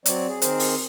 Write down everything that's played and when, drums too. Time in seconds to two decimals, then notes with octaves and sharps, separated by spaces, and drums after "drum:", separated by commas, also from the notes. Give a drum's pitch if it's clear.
0.06 F#3 C4 C#5 D5, drum: hi-hat
0.28 G#4
0.42 D#3 C4 G#4 A#4 C5, drum: hi-hat
0.60 drum: open hi-hat